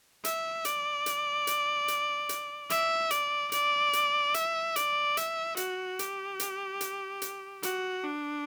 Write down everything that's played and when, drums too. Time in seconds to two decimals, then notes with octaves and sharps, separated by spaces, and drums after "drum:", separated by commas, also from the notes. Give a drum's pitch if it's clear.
0.25 E5, drum: hi-hat
0.65 D5, drum: hi-hat
1.06 drum: hi-hat
1.47 drum: hi-hat
1.88 drum: hi-hat
2.29 drum: hi-hat
2.70 E5, drum: hi-hat
3.11 D5, drum: hi-hat
3.52 D5, drum: hi-hat
3.93 drum: hi-hat
4.34 E5, drum: hi-hat
4.76 D5, drum: hi-hat
5.17 E5, drum: hi-hat
5.57 F#4, drum: hi-hat
5.99 G4, drum: hi-hat
6.40 drum: hi-hat
6.81 drum: hi-hat
7.22 drum: hi-hat
7.63 F#4, drum: hi-hat
8.04 D4